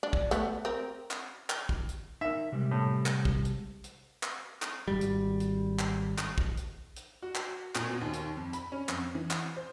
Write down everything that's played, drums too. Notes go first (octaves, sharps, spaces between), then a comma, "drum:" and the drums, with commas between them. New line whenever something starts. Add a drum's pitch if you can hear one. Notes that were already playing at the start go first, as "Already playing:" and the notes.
D4
drum: kick
A3 B3, drum: hi-hat
C4 A#4
drum: clap
drum: clap
drum: kick
drum: hi-hat
D#4 A#4 E5
C3 G3 G#3
A2
drum: clap
drum: kick
drum: hi-hat
drum: hi-hat
drum: clap
drum: clap
G#1 G3
drum: hi-hat
drum: hi-hat
drum: clap
drum: clap
drum: kick
drum: hi-hat
drum: hi-hat
F#4
drum: clap
A#2, drum: clap
B2
D#2
drum: hi-hat
F2
B5, drum: hi-hat
C#4
F2, drum: clap
E3
drum: clap
C5